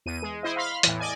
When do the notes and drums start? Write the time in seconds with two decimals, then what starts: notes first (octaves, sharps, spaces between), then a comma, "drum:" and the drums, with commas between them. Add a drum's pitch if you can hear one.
0.06 E2 D#7
0.22 G#3
0.43 E4 C5 D#5
0.56 F5 B5 C6 F6
0.83 E2 A2, drum: hi-hat
1.00 D5 D#5 G#5